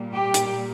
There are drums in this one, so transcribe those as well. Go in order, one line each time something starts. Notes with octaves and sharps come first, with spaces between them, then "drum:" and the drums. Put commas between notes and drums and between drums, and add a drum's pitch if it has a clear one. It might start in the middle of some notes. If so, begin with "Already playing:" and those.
Already playing: A#2 G3 A#3
G4
drum: hi-hat